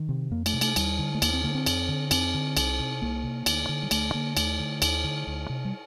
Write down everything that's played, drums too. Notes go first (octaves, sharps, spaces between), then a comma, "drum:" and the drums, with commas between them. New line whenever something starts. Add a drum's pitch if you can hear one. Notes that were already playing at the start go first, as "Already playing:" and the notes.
Already playing: D#3
C3
F2 A#3
A3, drum: cymbal
C3
A3, drum: cymbal
D#2 G3, drum: cymbal
D3
A3
D#2 A#3, drum: cymbal
C4
D3 A#3
C4
F2, drum: cymbal
D3
F2 C4, drum: cymbal
D3
C2, drum: cymbal
C3
C2 A#3
C3
D2, drum: cymbal
D3
G3
D2 A3, drum: cymbal
D3 A#3
D#2 A3, drum: cymbal
D3
D#2, drum: cymbal
D3
D2
C3
G3